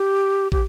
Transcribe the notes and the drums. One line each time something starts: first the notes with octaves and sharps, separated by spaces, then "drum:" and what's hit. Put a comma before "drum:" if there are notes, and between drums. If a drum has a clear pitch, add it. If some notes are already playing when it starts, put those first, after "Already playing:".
Already playing: G4
G4, drum: kick